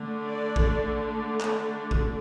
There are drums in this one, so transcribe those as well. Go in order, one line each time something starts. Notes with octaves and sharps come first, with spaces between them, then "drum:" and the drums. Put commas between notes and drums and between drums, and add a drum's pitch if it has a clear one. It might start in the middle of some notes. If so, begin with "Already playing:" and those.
Already playing: D3 A3 D4
D5
drum: kick A1
drum: clap
drum: kick A1